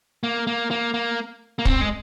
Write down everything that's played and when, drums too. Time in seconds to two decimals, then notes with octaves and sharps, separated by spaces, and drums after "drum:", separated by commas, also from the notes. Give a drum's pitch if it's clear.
0.24 A#3
0.47 A#3
0.71 A#3
0.94 A#3
1.59 A#3
1.65 C4, drum: kick
1.81 G#3